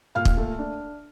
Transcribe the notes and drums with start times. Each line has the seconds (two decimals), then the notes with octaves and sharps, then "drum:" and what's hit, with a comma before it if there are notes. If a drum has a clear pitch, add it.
0.15 A#2 F5 F6
0.25 drum: kick
0.37 A3
0.59 D4